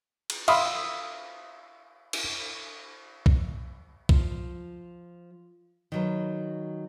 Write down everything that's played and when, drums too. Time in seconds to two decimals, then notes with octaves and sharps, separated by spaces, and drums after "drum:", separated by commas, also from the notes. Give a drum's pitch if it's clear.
0.30 drum: cymbal
0.48 E5 F5 B5 C6 D#6, drum: cymbal
2.13 drum: cymbal
3.26 drum: kick B1
4.09 F3, drum: kick B1
5.92 D#3 F#3 B4